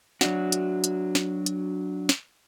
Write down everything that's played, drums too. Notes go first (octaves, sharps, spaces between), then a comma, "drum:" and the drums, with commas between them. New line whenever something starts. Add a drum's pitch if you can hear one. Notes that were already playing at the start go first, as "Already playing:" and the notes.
F#3 D4 F#4, drum: snare
drum: hi-hat
drum: hi-hat
drum: snare
drum: hi-hat
drum: snare